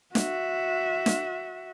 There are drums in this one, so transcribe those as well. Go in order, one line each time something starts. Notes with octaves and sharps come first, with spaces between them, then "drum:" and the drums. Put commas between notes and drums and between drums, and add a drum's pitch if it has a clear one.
F#4 E5, drum: snare
drum: snare